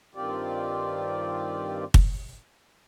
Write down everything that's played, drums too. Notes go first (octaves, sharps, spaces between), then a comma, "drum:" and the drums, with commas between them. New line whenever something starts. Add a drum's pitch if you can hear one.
G2 D#3 C4 F4 G4 D5
drum: kick